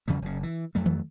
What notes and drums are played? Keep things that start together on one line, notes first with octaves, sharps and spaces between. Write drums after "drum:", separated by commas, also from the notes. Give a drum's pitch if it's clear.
E2 C#3 F3 G3
F#1 C#3
E3
F2 F#3 A3
drum: tom D#3